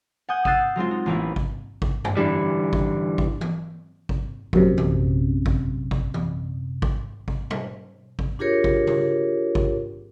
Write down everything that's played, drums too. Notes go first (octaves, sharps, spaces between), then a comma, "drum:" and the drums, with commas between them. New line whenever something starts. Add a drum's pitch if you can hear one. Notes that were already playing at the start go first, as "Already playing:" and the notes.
F#5 G#5 D#6 G6
D#6 E6 F#6 G6 A6 C7, drum: kick G#1
F#3 G#3 C4 F4
D#4
A1 E3 A#3 E4 B4 A#5
drum: kick G#1
drum: kick G#1
drum: tom F#2
D3 E3 G3
drum: kick G#1
drum: kick G#1
drum: tom E3
drum: kick G#1
A#1 F#2 C3, drum: kick G#1
drum: tom E3
drum: kick G#1
drum: kick G#1
drum: tom E3
drum: kick G#1
drum: kick G#1
drum: tom
drum: kick G#1
D4 F4 G4 G#4 A#4 C#5
drum: kick G#1
drum: tom C#3
drum: kick G#1